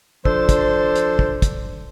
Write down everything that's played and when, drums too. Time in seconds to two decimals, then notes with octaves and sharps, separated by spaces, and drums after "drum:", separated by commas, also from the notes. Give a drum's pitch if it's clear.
0.25 F3 D4 A4 C5, drum: kick
0.49 drum: kick, hi-hat
0.96 drum: hi-hat
1.19 drum: kick
1.42 drum: kick, hi-hat